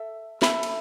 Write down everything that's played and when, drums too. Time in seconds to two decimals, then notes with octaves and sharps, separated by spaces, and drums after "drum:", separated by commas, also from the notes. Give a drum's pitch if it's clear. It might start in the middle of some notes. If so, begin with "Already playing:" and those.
Already playing: A4 E5
0.42 A4 E5 B5, drum: snare
0.63 drum: cymbal